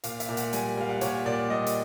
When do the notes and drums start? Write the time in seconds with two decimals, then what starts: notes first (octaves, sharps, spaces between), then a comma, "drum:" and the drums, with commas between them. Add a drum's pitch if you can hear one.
0.04 A#2 F5, drum: hi-hat
0.20 E5, drum: hi-hat
0.29 A#2
0.37 F#5, drum: hi-hat
0.53 G3 G#5, drum: hi-hat
0.77 G3 F5
0.89 F#5
1.01 A#2 C#5, drum: hi-hat
1.26 A#2 D5
1.50 G3 D#5
1.67 drum: hi-hat